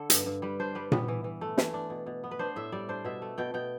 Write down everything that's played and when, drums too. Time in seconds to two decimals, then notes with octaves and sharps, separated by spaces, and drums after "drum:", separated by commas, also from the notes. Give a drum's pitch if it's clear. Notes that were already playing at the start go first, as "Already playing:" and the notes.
Already playing: D3 A4
0.10 G2, drum: hi-hat
0.26 G2
0.42 G3 B4
0.60 D4 C5
0.75 G3 B4
0.92 B3 B4, drum: tom A#2
1.08 E3
1.24 E3
1.41 A3
1.58 E3, drum: snare
1.74 D4
1.90 B2
2.06 B2
2.24 B3
2.31 B4
2.39 D4 C5
2.56 A2 E5
2.72 G3 D5
2.89 D4 C5
3.04 B2 E5
3.22 A3
3.38 B2 G5
3.54 B2 G5